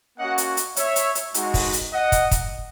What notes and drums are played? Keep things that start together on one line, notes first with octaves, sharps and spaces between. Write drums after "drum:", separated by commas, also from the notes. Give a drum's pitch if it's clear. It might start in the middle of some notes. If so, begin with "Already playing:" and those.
A#3 C#4 F#4 D#5 F#5
drum: hi-hat
drum: hi-hat
C#5 E5, drum: hi-hat
drum: hi-hat
drum: hi-hat
G#3 D#4 F#4, drum: hi-hat
drum: kick, open hi-hat
drum: hi-hat
D#5 F#5
drum: kick, hi-hat
drum: kick, hi-hat